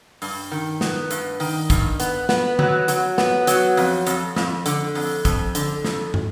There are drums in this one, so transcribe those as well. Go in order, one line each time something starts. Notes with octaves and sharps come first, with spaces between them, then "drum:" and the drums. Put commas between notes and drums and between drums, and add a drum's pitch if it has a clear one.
G2, drum: open hi-hat
D#3
B3, drum: snare
G2, drum: hi-hat
D#3, drum: open hi-hat
G2, drum: kick, hi-hat
B3, drum: hi-hat
B3, drum: snare
F#3, drum: tom D3
F#3, drum: hi-hat
B3, drum: snare
F#3, drum: hi-hat
F2, drum: open hi-hat
F2, drum: hi-hat
F2, drum: snare
D3, drum: hi-hat
F2, drum: open hi-hat
F2, drum: kick, hi-hat
D3, drum: hi-hat
F2, drum: snare
drum: tom